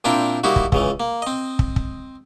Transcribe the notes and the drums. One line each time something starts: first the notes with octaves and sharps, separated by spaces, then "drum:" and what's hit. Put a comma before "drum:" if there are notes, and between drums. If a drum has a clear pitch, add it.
A#2 C4 D4 E4 A#4 G5
G3 A#3 D#4 E4 F#4
drum: kick
C#2 C#3 E3, drum: kick
A#3
C4 D#5
drum: kick
drum: kick